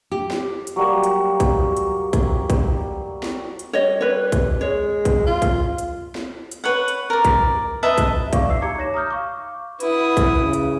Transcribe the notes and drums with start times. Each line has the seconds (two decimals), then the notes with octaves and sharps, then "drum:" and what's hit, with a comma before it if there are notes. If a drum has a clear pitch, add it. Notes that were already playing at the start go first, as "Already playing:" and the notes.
0.12 G4
0.30 drum: snare
0.67 drum: hi-hat
0.76 F#3 G3 A#3
1.04 drum: hi-hat
1.40 drum: kick A#1, hi-hat
1.77 drum: hi-hat
2.13 drum: kick A#1, hi-hat
2.50 drum: kick A#1, hi-hat
3.23 drum: snare
3.59 drum: hi-hat
3.73 G3 C#5 D#5
4.01 B4 C#5
4.32 drum: kick A#1, hi-hat
4.61 G#3 C#5
5.05 drum: kick A#1, hi-hat
5.26 F4
5.42 drum: kick A#1, hi-hat
5.78 drum: hi-hat
6.15 drum: snare
6.51 drum: hi-hat
6.64 B4 C#5 F#5
6.88 drum: hi-hat
7.10 A#4 D5
7.25 drum: kick A#1, hi-hat
7.83 B4 D#5 E5 A5
7.98 drum: kick A#1, hi-hat
8.33 D5 F5 C#6 D6, drum: kick A#1, hi-hat
8.49 E5 E6 C7
8.61 D#4 G4 A#5 D6 G#6 C#7
8.78 C#5 A#6 E7
8.94 A#5 D#6 F6 G6
9.10 F5 C#6 D6
9.80 E4 F#4 B4 D#6, drum: hi-hat
10.17 drum: kick A#1, hi-hat
10.39 C#3
10.53 drum: hi-hat